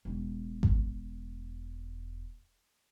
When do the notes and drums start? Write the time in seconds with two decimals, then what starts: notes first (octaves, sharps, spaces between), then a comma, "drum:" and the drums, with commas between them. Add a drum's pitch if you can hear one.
0.05 E1 C#3
0.63 drum: kick G#1